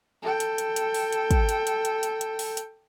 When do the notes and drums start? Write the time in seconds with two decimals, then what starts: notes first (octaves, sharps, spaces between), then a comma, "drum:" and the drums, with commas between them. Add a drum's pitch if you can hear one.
0.22 A4 G5
0.40 drum: hi-hat
0.58 drum: hi-hat
0.76 drum: hi-hat
0.94 drum: open hi-hat
1.13 drum: hi-hat
1.31 drum: kick, hi-hat
1.49 drum: hi-hat
1.67 drum: hi-hat
1.85 drum: hi-hat
2.03 drum: hi-hat
2.21 drum: hi-hat
2.39 drum: open hi-hat
2.57 drum: hi-hat